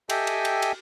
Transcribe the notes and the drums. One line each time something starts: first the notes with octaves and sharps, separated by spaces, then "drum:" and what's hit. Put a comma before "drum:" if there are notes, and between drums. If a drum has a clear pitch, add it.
G4 A4 D#5 E5 G5 G#5, drum: cymbal
drum: cymbal
drum: cymbal
drum: cymbal